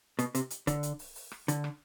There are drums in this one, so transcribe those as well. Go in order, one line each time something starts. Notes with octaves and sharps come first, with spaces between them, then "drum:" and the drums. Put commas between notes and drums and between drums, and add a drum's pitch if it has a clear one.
B2, drum: hi-hat
C3, drum: hi-hat
drum: hi-hat
D3, drum: kick C#1, hi-hat
drum: hi-hat
drum: open hi-hat
drum: open hi-hat
drum: rim click
D3, drum: hi-hat
drum: rim click